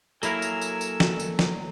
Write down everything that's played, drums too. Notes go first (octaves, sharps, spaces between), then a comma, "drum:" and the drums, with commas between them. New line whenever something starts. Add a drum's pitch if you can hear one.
F#3 A#3 E4 A4 A#4 F5 G#5 E6, drum: tambourine
drum: tambourine
drum: tambourine
drum: tambourine
drum: snare
drum: tambourine
drum: snare